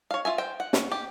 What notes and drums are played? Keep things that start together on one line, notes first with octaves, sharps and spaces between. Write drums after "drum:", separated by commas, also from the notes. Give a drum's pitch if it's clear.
C#5 F5
F4 E5 G#5
C5 G5
F#5
C#4, drum: snare
G4